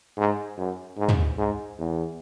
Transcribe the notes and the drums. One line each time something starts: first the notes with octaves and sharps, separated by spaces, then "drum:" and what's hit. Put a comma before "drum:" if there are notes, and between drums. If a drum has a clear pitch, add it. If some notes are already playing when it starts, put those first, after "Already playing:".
G#2
F#2
G#2
drum: tom
G#2
E2